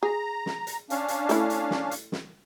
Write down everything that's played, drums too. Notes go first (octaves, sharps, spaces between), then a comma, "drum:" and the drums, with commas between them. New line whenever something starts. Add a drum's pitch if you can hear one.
G#4 A#5
drum: snare
drum: hi-hat
C#4 D4 F5, drum: hi-hat
drum: hi-hat
A3 E4, drum: hi-hat
drum: hi-hat
drum: snare
drum: hi-hat
drum: snare